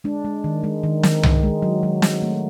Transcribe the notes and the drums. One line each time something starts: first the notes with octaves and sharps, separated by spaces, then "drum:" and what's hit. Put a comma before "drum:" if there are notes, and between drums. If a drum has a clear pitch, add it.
G#3 D4
G#3
D#3
G#3
D#3
D#3, drum: snare
D#3, drum: tom C2
G#3
F#3
F#3
F#3, drum: snare
A3